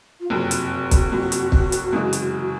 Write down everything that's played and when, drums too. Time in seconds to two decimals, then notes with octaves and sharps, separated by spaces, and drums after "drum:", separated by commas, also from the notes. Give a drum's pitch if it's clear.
0.20 F4
0.30 F#1 F2 C3 F#4
0.51 drum: hi-hat
0.91 drum: kick, hi-hat
1.11 F#1 F2 C3
1.32 drum: hi-hat
1.52 drum: kick
1.72 drum: hi-hat
1.93 F#2 C#3 E3 G#3
2.13 drum: hi-hat